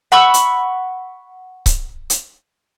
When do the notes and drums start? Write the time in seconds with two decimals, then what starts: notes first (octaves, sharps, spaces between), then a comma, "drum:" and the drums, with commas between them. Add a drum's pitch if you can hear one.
0.12 F#5 B5 C#6 E6
0.34 drum: hi-hat
1.66 drum: kick C#1, hi-hat
2.10 drum: hi-hat